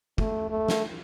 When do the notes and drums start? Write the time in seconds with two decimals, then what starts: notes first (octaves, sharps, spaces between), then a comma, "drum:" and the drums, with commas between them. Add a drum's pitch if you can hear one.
0.18 A3, drum: kick
0.50 A3
0.68 drum: snare